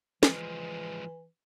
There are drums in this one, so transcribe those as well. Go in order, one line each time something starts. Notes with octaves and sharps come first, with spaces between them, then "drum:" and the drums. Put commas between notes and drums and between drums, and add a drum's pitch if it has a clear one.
E3 F3 G#3, drum: snare